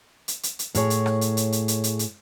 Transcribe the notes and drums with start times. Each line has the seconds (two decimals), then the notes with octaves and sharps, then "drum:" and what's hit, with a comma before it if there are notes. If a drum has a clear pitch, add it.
0.28 drum: hi-hat
0.43 drum: hi-hat
0.59 drum: hi-hat
0.75 A2 G#4 C#5, drum: hi-hat
0.90 drum: hi-hat
1.06 drum: rim click
1.21 drum: hi-hat
1.37 drum: hi-hat
1.52 drum: hi-hat
1.68 drum: hi-hat
1.84 drum: hi-hat
1.99 drum: hi-hat